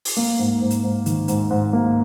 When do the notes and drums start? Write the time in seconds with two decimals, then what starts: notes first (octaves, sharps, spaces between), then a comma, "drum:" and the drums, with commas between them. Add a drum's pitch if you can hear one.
0.05 drum: open hi-hat
0.17 A#3
0.39 G#2
0.61 G#2
0.70 drum: hi-hat
0.83 G#2
1.06 D#3, drum: hi-hat
1.28 G#2, drum: hi-hat
1.50 G#2
1.73 A#3